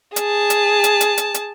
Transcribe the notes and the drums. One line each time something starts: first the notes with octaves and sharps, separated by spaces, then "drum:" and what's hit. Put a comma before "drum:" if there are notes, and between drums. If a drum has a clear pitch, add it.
G#4 A5, drum: hi-hat
drum: hi-hat
drum: hi-hat
drum: hi-hat
drum: hi-hat
drum: hi-hat